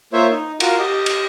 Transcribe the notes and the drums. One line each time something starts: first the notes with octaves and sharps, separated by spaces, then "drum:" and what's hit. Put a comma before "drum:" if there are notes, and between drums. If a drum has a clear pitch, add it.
A#3 F4 C5 C#5 E5
D#4
F4 F#4 A#4, drum: cymbal
G4 D#5
drum: cymbal